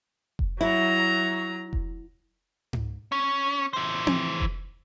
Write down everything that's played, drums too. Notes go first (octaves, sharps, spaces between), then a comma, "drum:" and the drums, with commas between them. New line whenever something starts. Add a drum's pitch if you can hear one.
drum: kick F1
F#3 E4 A#5
drum: kick F1
drum: tom G#2
C#4
E3 C5
drum: tom C4
drum: kick F1